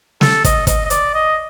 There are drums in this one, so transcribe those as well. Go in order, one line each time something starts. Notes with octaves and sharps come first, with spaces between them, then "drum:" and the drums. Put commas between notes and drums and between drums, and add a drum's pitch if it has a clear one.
A4, drum: snare
D#5, drum: kick, hi-hat
D#5, drum: kick, hi-hat
D#5
D5, drum: hi-hat
D#5